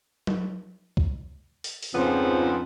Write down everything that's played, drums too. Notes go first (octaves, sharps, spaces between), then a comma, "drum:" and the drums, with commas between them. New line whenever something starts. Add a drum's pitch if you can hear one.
drum: tom F#3
drum: kick C#2
drum: open hi-hat
drum: open hi-hat
F2 G#2 C#3 F3 B3 C4